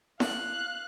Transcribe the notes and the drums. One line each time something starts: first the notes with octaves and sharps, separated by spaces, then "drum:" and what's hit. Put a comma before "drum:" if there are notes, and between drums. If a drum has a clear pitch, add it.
F5 F#6, drum: snare E4